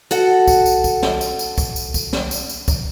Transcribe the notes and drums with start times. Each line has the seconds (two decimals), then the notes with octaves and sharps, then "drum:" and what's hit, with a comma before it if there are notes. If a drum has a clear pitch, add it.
0.11 F#4 A4 F#5, drum: tambourine
0.47 drum: kick C2, tambourine
0.66 drum: tambourine
0.84 drum: kick C2, tambourine
1.03 drum: snare
1.21 drum: tambourine
1.39 drum: tambourine
1.58 drum: kick C2, tambourine
1.76 drum: tambourine
1.94 drum: kick C2, tambourine
2.13 drum: snare
2.31 drum: tambourine
2.49 drum: tambourine
2.68 drum: kick C2, tambourine